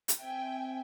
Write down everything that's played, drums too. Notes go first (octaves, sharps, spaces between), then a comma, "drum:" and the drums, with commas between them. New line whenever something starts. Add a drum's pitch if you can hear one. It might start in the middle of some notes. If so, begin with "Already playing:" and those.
drum: hi-hat
C4 E5 G5 G#5